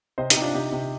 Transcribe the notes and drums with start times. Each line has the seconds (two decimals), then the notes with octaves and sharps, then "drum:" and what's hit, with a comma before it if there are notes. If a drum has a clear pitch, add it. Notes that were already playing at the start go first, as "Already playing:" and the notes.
0.18 C3 C5 D#5
0.30 D#4 G4, drum: hi-hat
0.36 C3
0.41 D4 F4
0.54 C3 D#4 G4
0.72 C3